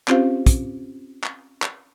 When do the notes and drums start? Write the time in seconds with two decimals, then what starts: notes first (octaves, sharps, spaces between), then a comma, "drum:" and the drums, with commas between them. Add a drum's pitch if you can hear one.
0.08 C4 C#4 F4 G4 C5 F5, drum: clap
0.46 drum: kick, hi-hat
1.24 drum: clap
1.62 drum: clap